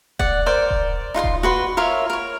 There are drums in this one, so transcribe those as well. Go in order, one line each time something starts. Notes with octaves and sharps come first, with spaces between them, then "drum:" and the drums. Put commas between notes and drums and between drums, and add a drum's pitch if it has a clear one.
D5 F#5, drum: kick D#1
A#4 C5 D5
drum: kick D#1
D#4 F4 F#5 C6
drum: kick D#1
F#4 B4 C6
F4 A#4 C#5 E5
A#4 C#5